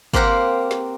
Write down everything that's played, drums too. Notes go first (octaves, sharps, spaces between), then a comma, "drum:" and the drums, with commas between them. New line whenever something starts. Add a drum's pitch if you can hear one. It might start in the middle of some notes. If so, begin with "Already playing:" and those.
A#3 C4 G4 A#4 F#5, drum: kick
drum: snare